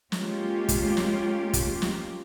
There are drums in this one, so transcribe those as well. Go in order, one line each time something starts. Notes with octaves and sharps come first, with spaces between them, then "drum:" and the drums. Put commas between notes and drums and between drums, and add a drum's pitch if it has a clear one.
G#3 A#3 C#4 F4 G4, drum: snare
drum: kick, hi-hat
drum: snare
drum: kick, hi-hat
drum: snare